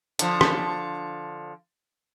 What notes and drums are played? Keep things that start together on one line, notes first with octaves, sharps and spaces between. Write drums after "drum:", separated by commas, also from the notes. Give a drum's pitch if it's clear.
D3 F3, drum: hi-hat
drum: rim click